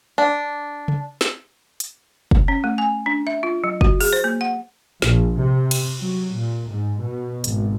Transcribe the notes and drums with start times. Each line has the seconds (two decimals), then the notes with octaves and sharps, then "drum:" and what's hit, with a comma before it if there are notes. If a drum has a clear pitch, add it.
0.18 D4
0.88 drum: tom C#3
1.21 drum: snare
1.80 drum: hi-hat
2.31 drum: kick
2.48 C#4
2.64 A3
2.78 G#5
3.06 D4
3.27 E5
3.43 F4
3.64 F#3
3.81 F#4, drum: kick
4.01 G#4, drum: open hi-hat
4.13 C5
4.24 A#3
4.41 F#5
5.02 A#1, drum: snare
5.38 C3
5.71 drum: cymbal
5.99 F#3
6.35 A#2
6.69 G#2
7.01 B2
7.44 G#1, drum: hi-hat